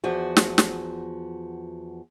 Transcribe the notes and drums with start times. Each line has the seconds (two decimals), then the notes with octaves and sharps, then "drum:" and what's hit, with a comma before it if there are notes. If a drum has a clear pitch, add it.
0.04 E2 F3 F#4
0.37 drum: snare
0.58 drum: snare